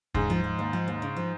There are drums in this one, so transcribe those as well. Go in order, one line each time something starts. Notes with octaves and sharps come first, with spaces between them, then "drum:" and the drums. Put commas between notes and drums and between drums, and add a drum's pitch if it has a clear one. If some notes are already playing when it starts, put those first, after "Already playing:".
G#2 C#3, drum: kick D#2
F3
F3
D#2
F3
D#2
C#3
F3